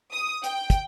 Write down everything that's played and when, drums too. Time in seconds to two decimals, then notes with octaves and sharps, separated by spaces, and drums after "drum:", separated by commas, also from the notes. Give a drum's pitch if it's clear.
0.13 D#6
0.44 G5, drum: hi-hat
0.70 drum: kick, hi-hat